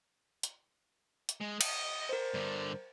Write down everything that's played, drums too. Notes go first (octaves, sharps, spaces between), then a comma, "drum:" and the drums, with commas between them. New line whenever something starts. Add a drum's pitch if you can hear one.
drum: hi-hat
drum: hi-hat
G#3
D#5, drum: cymbal
A#4 C5
G2 D3